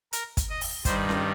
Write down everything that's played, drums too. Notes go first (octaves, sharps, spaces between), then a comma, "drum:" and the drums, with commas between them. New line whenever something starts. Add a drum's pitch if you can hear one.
A#4, drum: hi-hat
drum: kick, hi-hat
D#5
drum: open hi-hat
G2 D#3 G3 C5, drum: kick, hi-hat
drum: snare C#4